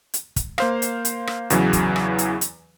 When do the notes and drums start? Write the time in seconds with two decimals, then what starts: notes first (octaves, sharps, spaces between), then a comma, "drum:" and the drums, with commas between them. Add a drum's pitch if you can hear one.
0.14 drum: hi-hat
0.36 drum: kick, hi-hat
0.58 A#3 C5 F5, drum: rim click
0.82 drum: hi-hat
1.05 drum: hi-hat
1.27 drum: rim click
1.50 E2 C#3 E3 F#3, drum: hi-hat
1.73 drum: kick, hi-hat
1.96 drum: rim click
2.18 drum: hi-hat
2.41 drum: hi-hat